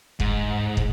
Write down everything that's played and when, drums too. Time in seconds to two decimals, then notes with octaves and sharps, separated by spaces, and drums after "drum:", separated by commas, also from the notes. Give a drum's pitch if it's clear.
0.20 G#2, drum: kick
0.77 drum: kick